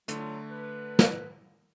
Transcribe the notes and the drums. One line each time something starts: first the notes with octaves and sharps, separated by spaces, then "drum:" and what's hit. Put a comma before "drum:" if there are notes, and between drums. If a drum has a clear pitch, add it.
D3 F#3 A3 F4, drum: hi-hat
B4
drum: snare